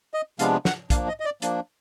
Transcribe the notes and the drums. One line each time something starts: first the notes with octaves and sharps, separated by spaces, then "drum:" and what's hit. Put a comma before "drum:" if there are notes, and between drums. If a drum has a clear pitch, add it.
D#5
C3 F3 G#3 B3 D4 F5, drum: hi-hat
F#5, drum: snare
F3 A#3 D4 F5, drum: kick, hi-hat
D#5
D#5
D5
F3 A#3 D4, drum: hi-hat